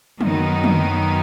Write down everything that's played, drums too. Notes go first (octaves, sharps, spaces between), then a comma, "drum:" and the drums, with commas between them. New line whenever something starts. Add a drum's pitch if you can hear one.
F#2 D#3 F#3 B3 D#4, drum: tom
drum: tom